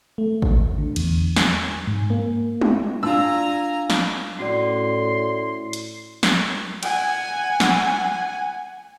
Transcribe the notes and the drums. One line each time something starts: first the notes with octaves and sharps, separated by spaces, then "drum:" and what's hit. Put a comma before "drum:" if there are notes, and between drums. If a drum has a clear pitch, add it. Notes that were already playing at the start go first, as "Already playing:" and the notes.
A3
drum: kick
D3
E2, drum: cymbal
G#5, drum: snare
G#2
A#3
drum: tom G3
D4 F4 G#5 A#5 E6
drum: snare
A2 C#4 F#4 D5 C6
drum: hi-hat
drum: snare
F#5 G#5, drum: cymbal
drum: snare